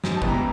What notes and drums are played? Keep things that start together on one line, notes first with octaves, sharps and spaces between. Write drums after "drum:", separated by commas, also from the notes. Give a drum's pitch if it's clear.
G#2, drum: snare
A5
E3 G3 B3, drum: kick G1
A#5